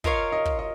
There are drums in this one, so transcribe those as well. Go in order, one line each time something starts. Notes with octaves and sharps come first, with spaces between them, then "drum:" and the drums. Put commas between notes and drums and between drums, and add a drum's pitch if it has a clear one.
F4 A#4 C#5 D#5 F5, drum: kick
D#5
drum: kick
D#5